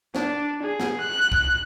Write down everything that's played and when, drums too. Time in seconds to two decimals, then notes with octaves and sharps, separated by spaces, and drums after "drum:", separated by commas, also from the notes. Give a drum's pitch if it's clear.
0.15 D4, drum: snare
0.62 G#4
0.80 drum: snare
1.00 F#6
1.32 drum: kick